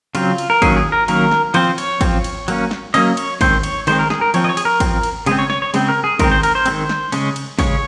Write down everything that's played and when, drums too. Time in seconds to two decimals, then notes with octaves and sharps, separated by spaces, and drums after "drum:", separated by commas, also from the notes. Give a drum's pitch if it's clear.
0.15 C#3 F#3 C4 F4, drum: cymbal
0.38 drum: cymbal
0.50 A#4
0.62 D#3 F#3 A#3 C#4 G#4, drum: kick, cymbal
0.76 G#4
0.92 A#4
1.08 D#3 F#3 A#3 C#4 A#4, drum: cymbal
1.31 drum: snare
1.54 F3 C4 C5, drum: cymbal
1.78 C#5, drum: cymbal
2.01 F3 C4, drum: kick, cymbal
2.24 drum: cymbal
2.48 F#3 A#3 C#4, drum: cymbal
2.71 drum: snare
2.94 F#3 A#3 C#4 D#5, drum: cymbal
3.17 C#5, drum: cymbal
3.41 D#3 G#3 C4 C5, drum: kick, cymbal
3.63 C#5, drum: cymbal
3.87 D#3 G#3 C4 C5, drum: cymbal
3.99 A#4
4.10 G#4, drum: snare
4.21 A#4
4.34 F3 C4 C#5, drum: cymbal
4.44 D#5
4.49 C#5
4.57 G#4, drum: cymbal
4.65 A#4
4.80 F3 C4, drum: kick, cymbal
5.03 drum: cymbal
5.26 C#3 G#3 C4 G#4, drum: cymbal
5.39 C#5
5.50 C#5, drum: snare
5.62 C#5
5.74 C#3 G#3 C4, drum: cymbal
5.89 A#4
6.04 G#4
6.19 D#3 G#3 C4 A#4, drum: kick, cymbal
6.31 C5
6.43 A#4, drum: cymbal
6.55 C5
6.66 D#3 G#3 C4, drum: cymbal
6.89 drum: snare
7.12 C#3 G#3 C#4, drum: cymbal
7.36 drum: cymbal
7.59 C#3 G#3 C#4 C#5, drum: kick, cymbal